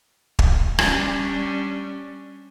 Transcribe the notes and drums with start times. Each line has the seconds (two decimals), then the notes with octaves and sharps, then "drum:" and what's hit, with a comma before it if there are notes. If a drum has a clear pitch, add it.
0.39 drum: kick
0.79 G3 C#4 D4, drum: rim click